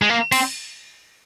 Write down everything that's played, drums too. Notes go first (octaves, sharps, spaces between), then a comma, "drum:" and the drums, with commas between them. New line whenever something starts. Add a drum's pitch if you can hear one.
G#3
A#3
C4, drum: cymbal